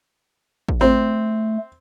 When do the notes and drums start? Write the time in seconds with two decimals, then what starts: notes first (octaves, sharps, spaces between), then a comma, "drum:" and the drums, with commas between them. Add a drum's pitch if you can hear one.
0.69 drum: kick
0.81 A3 C4